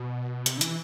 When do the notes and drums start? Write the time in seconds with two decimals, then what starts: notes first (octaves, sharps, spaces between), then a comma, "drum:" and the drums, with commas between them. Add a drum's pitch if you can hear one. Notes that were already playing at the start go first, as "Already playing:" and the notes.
Already playing: B2
0.46 C3, drum: hi-hat
0.57 D3
0.61 E3, drum: hi-hat